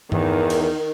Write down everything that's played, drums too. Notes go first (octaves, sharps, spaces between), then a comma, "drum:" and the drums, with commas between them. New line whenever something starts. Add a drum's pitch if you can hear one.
E2 D#3, drum: tom G2
drum: cymbal